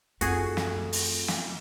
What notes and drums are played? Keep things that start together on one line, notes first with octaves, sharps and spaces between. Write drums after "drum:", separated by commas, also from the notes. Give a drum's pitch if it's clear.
F#2 A3 C4 D#4 F4 F#4 G#4, drum: hi-hat
drum: snare
drum: open hi-hat
drum: snare